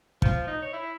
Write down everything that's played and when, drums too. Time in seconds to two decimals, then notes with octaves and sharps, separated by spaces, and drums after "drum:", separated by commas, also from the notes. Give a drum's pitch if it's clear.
0.22 F3, drum: kick
0.47 D#4
0.62 C#5
0.73 E4